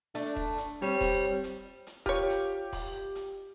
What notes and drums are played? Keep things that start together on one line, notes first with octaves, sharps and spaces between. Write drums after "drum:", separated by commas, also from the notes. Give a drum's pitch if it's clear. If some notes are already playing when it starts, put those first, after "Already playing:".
A3 D4, drum: hi-hat
drum: kick D#1
drum: hi-hat
G3 C4 C#5
drum: kick D#1, open hi-hat
drum: hi-hat
drum: hi-hat
F4 G4 C#5, drum: kick D#1
drum: hi-hat
drum: kick D#1, open hi-hat
drum: hi-hat